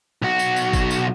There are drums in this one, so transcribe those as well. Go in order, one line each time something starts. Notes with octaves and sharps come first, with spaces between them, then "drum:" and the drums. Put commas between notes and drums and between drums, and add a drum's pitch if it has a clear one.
B1 F#4
drum: tambourine
drum: tambourine
drum: kick G1, tambourine
drum: tambourine